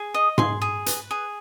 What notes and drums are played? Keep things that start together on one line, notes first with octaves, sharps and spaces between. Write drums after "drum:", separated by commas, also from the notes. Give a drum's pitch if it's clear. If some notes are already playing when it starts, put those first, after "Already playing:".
Already playing: G#4
D#5
G#4 C6, drum: tom G#2
G#4
B4, drum: hi-hat
G#4